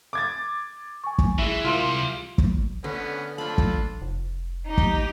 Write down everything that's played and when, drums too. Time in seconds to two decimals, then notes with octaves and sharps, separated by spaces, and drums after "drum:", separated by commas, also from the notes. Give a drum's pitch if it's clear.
0.13 D6 G#6 A6
1.04 G#5 C#6
1.18 drum: kick
1.38 E3 G#3 E4
1.64 C2 G3 F4 A#4 E5 C6
2.38 drum: kick
2.84 D3 B3 C#4
3.38 D4 F4 A4 B5
3.58 drum: kick
4.02 F1
4.67 D#4 G4
4.78 drum: kick